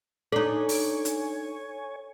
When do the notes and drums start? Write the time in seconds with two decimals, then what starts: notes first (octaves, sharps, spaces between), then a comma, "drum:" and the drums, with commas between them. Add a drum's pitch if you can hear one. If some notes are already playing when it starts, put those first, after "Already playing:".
0.32 D4 D#4 A4 C#5 G#5
0.69 drum: open hi-hat
1.05 drum: hi-hat